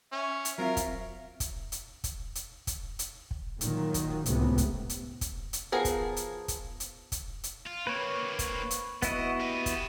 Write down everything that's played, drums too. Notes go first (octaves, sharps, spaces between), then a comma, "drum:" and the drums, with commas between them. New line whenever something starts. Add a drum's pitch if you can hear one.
C#4 E5
drum: hi-hat
F#3 C4 F4 A#4
drum: kick, hi-hat
drum: kick, hi-hat
drum: hi-hat
drum: kick, hi-hat
drum: hi-hat
drum: kick, hi-hat
drum: hi-hat
drum: kick
A#2 D#3 F#3, drum: hi-hat
drum: kick, hi-hat
C#2 A2 C3 B3, drum: hi-hat
drum: kick, hi-hat
drum: hi-hat
drum: kick, hi-hat
drum: hi-hat
F3 B3 G#4 A#4
drum: kick, hi-hat
drum: hi-hat
drum: kick, hi-hat
drum: hi-hat
drum: kick, hi-hat
drum: hi-hat
F4
A#3 C4 B4 C#5
drum: kick, hi-hat
drum: hi-hat
B3 E4 F#4 D#5, drum: kick, hi-hat
G4 D#5
drum: kick, hi-hat